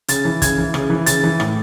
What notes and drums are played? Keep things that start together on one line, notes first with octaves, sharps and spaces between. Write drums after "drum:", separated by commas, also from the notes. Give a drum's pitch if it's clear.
C#3 A6, drum: hi-hat
E3
C#3 G#6, drum: kick, hi-hat
E3
C#3, drum: rim click
E3
C#3 A6, drum: hi-hat
E3
A2, drum: rim click